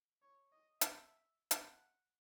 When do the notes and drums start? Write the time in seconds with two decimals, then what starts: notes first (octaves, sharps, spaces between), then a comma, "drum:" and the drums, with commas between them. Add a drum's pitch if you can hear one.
0.22 C#5
0.52 D#5
0.81 E5, drum: hi-hat
1.51 drum: hi-hat
1.70 F#5